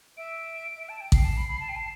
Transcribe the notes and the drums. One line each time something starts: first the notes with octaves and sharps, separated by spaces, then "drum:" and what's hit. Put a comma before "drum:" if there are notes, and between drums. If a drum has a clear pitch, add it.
E5 D7
E5
A5
G5
G5 C7, drum: kick A1
A5
B5
B5
A5
G5
A5